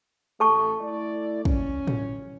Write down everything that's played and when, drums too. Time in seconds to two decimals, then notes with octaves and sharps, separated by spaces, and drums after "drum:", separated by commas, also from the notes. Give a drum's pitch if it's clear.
0.40 A1 A3 A4 A5 C#6
0.81 A3 E4 D5
1.45 C#4, drum: kick
1.87 drum: tom A2